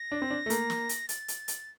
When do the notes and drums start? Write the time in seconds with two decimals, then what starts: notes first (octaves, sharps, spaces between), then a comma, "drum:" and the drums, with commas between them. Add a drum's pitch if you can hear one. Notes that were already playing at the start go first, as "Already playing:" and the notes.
Already playing: A#6
0.12 D4
0.22 C4
0.30 D4
0.46 A3
0.50 A#3, drum: hi-hat
0.70 drum: snare
0.89 drum: hi-hat
1.09 A6, drum: hi-hat
1.28 drum: hi-hat
1.48 drum: hi-hat